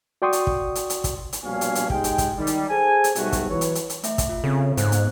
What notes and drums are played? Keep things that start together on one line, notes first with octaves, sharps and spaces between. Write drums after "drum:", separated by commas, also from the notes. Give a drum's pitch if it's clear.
F#4 D5 G5 C6 C#6 D#6
drum: hi-hat
drum: kick
drum: hi-hat
drum: hi-hat
drum: kick, hi-hat
drum: hi-hat
A#1 G2 B2 C#4 F5 G#5
drum: hi-hat
drum: hi-hat
G#2 G#3 G4 G5, drum: kick
drum: hi-hat
drum: kick, hi-hat
D#3 G3
drum: hi-hat
G#4 A4 C5 G#5
drum: hi-hat
B1 G#2 G3 A3 F#4, drum: hi-hat
drum: kick, hi-hat
E3 F#3 B4 C#5
drum: hi-hat
drum: hi-hat
drum: hi-hat
A3 E5, drum: hi-hat
drum: kick, hi-hat
F4
C#3 C4 A4
G#2 C5 F#6, drum: hi-hat
B3, drum: hi-hat